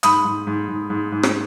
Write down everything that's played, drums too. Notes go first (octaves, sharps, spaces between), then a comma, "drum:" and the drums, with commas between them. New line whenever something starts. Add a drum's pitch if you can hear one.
G#2 B5 D#6, drum: hi-hat
G#2
G#2
G#2
G#2
G#2
drum: rim click